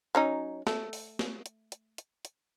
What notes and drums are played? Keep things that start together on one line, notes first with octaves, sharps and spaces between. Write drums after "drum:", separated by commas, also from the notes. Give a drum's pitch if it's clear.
F#3 C#4 D#4
A3, drum: snare
drum: open hi-hat
drum: snare
drum: hi-hat
drum: hi-hat
drum: hi-hat
drum: hi-hat